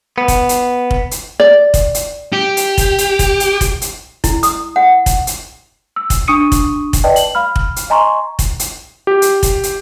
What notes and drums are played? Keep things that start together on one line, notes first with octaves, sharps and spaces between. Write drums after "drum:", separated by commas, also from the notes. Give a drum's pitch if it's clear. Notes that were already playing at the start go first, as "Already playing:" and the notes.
B3
drum: kick, hi-hat
drum: hi-hat
drum: kick
drum: hi-hat
D5
drum: kick, hi-hat
drum: hi-hat
G4
drum: hi-hat
drum: kick, hi-hat
drum: hi-hat
drum: kick, hi-hat
drum: hi-hat
drum: kick, hi-hat
drum: hi-hat
E4, drum: kick, hi-hat
D#6, drum: hi-hat
F#5
drum: kick, hi-hat
drum: hi-hat
E6
drum: kick, hi-hat
D4 C#6 D#6 C#7 D#7
drum: kick, hi-hat
drum: kick, hi-hat
B4 D5 D#5 G5 A5
F#7, drum: hi-hat
F5 B5 F6
drum: kick
drum: hi-hat
D#5 G#5 A#5 C6 C#6
drum: kick, hi-hat
drum: hi-hat
G4
drum: hi-hat
drum: kick, hi-hat
drum: hi-hat